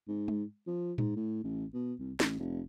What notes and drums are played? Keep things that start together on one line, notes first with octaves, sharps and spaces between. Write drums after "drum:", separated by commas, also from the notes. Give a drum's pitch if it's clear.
G#2
drum: tom G#3
F3
G#2, drum: tom A2
A2
A1
B2
C2
A1, drum: snare
F1